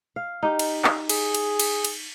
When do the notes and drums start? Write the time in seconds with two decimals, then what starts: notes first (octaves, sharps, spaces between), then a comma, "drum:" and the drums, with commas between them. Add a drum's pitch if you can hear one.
0.16 F5
0.43 D#4 G4
0.59 drum: cymbal
0.84 drum: clap
1.09 G#4, drum: cymbal
1.34 drum: cymbal
1.60 drum: cymbal
1.85 drum: cymbal